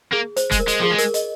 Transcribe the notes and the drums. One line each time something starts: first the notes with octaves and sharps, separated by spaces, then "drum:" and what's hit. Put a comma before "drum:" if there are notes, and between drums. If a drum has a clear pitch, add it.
A#3 G#4
C5, drum: hi-hat
G#3, drum: kick, hi-hat
A#4
G#3, drum: hi-hat
F3 G#4
G#3
A#4, drum: hi-hat
D#5, drum: hi-hat